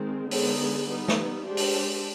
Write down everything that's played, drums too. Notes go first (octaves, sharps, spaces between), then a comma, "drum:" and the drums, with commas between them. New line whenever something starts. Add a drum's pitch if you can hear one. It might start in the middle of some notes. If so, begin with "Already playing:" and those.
Already playing: D#3 G#3 C4
D3 G#3 B3 D#4 G#4, drum: open hi-hat
G3 B3 D#4
drum: snare
G#3 D4 G4 C5
drum: open hi-hat